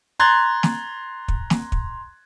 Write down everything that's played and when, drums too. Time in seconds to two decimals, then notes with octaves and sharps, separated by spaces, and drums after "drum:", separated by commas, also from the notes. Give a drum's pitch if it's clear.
0.19 A#5 C6 F#6 G#6 A6
0.63 drum: snare
1.28 drum: kick
1.50 drum: snare
1.72 drum: kick